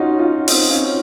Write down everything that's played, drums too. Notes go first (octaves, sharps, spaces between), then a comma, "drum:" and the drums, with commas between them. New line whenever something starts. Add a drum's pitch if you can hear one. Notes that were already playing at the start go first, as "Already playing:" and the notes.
Already playing: C#4 D#4 F4 F#4
C#4 F4
C4 D#4, drum: open hi-hat
C#4 F4